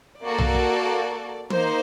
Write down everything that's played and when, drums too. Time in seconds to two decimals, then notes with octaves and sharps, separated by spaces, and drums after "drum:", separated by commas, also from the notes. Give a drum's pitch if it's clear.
0.22 A#3 F#4 A4 D5
0.38 drum: tom B1
0.54 drum: kick
1.50 A#3 D#4 C5, drum: tom E3